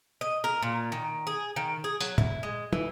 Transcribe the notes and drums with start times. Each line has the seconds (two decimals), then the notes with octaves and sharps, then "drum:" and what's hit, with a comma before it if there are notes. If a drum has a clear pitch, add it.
0.21 D#5
0.44 A#4
0.62 A#2
0.92 D#3
1.27 G#4
1.56 D#3
1.84 G#4
2.01 F#3, drum: tambourine
2.18 E4, drum: tom
2.43 G#3
2.73 E3, drum: tom